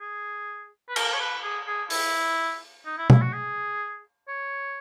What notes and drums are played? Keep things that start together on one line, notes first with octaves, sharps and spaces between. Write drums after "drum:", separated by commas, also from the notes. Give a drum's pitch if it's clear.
G#4
B4
A#4, drum: cymbal
C#5
B4
G#4
G#4
E4, drum: open hi-hat
D#4
E4
E4, drum: tom B2
F#4
G#4
C#5